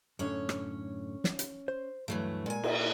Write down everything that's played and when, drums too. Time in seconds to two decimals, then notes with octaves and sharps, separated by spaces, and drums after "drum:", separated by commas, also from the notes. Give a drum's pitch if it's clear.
0.19 F#2 A2 D3 C#4 C#5
0.49 drum: rim click
1.24 drum: snare
1.39 drum: hi-hat
1.68 C5
2.08 D2 G2 E3 F#3 A3
2.46 A#2 G#3 G#5
2.64 B4 E5, drum: cymbal